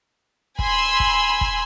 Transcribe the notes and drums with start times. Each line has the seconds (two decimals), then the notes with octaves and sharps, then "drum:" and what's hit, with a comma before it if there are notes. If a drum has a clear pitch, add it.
0.59 G#5 B5 C6 E6, drum: kick
1.00 drum: kick
1.41 drum: kick